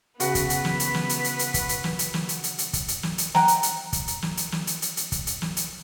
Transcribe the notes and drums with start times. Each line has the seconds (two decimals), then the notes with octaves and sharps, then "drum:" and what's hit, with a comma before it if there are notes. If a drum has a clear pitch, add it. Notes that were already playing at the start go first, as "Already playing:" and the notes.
0.20 C#3 B3 F#4 B4, drum: hi-hat
0.35 drum: kick, hi-hat
0.50 drum: hi-hat
0.65 drum: snare
0.80 drum: hi-hat
0.94 drum: snare
1.09 drum: hi-hat
1.24 drum: hi-hat
1.39 drum: hi-hat
1.54 drum: kick, hi-hat
1.69 drum: hi-hat
1.84 drum: snare
1.99 drum: hi-hat
2.14 drum: snare
2.29 drum: hi-hat
2.44 drum: hi-hat
2.58 drum: hi-hat
2.73 drum: kick, hi-hat
2.88 drum: hi-hat
3.03 drum: snare
3.18 drum: hi-hat
3.35 F#5 G5 A#5, drum: snare
3.48 drum: hi-hat
3.63 drum: hi-hat
3.93 drum: kick, hi-hat
4.08 drum: hi-hat
4.22 drum: snare
4.37 drum: hi-hat
4.52 drum: snare
4.67 drum: hi-hat
4.82 drum: hi-hat
4.97 drum: hi-hat
5.12 drum: kick, hi-hat
5.27 drum: hi-hat
5.42 drum: snare
5.57 drum: hi-hat